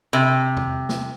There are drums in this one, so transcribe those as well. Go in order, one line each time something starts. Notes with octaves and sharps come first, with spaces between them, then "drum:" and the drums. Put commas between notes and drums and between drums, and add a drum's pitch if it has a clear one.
C3
drum: tom E2
drum: snare